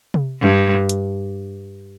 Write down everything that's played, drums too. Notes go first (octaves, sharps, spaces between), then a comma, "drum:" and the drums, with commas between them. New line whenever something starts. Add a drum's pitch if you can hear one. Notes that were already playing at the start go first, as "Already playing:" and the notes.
drum: tom C3
G2
drum: hi-hat